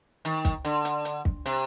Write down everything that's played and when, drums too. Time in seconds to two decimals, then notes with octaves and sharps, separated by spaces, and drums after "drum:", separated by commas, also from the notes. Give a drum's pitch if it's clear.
0.25 D#3, drum: hi-hat
0.45 drum: kick, hi-hat
0.65 D3, drum: hi-hat
0.85 drum: hi-hat
1.05 drum: hi-hat
1.25 drum: kick
1.46 C3, drum: hi-hat